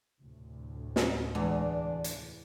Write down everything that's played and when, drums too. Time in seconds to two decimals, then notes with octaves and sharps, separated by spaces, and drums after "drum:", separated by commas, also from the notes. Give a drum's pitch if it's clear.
0.20 D2 A2 C3
0.96 drum: snare
1.35 E2 G#3 D4
2.04 drum: hi-hat